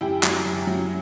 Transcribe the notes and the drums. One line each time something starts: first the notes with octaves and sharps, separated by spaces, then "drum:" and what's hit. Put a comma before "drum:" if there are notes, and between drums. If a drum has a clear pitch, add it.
F#2 E4 G4
F#3, drum: clap
F#2
F#3